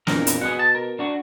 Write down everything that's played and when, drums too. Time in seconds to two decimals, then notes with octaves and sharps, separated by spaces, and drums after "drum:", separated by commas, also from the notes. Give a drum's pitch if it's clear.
0.07 E1 F2 A#2 A#4, drum: snare
0.27 drum: hi-hat
0.41 B2 G#4 B4 F#5
0.59 A5
0.75 A#4
0.99 D4 F#4